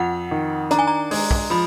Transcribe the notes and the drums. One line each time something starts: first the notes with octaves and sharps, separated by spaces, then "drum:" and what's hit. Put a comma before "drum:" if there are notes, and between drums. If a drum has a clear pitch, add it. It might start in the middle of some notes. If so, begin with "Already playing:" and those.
Already playing: F2 F#5
D#3
D4 A#5, drum: hi-hat
G#5
A#5
G#3, drum: open hi-hat
drum: kick
F3 B5